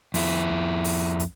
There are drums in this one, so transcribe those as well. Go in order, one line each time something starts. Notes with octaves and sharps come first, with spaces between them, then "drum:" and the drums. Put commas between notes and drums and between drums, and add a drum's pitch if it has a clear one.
F2 E4, drum: open hi-hat
drum: kick
drum: open hi-hat
drum: kick, hi-hat